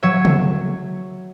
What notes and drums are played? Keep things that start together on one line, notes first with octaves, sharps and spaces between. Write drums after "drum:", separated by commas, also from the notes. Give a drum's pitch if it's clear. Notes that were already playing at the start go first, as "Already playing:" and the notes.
F#3 C#5 E5
drum: tom C#3